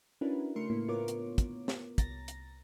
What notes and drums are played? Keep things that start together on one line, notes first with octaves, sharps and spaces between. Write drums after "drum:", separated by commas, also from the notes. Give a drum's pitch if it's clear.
C#4 D4 E4 F#4 A#4 B4
C#3 A3 A#4 C6 C#7
A2 A#3 E4
A2 B3 F4 A#4 C#5 D6
drum: hi-hat
drum: kick, hi-hat
drum: snare
C2 A#5 A6 A#6, drum: kick, hi-hat
drum: hi-hat